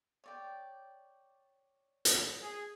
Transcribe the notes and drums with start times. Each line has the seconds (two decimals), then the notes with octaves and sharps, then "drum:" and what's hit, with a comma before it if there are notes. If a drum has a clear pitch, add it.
0.24 C#5 D5 G5
2.05 drum: hi-hat
2.43 G#4